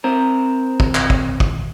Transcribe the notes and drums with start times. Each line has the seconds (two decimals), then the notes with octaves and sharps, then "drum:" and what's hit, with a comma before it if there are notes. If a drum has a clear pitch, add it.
0.04 C4 A#4
0.80 drum: kick
0.95 drum: clap
1.10 drum: kick
1.40 drum: kick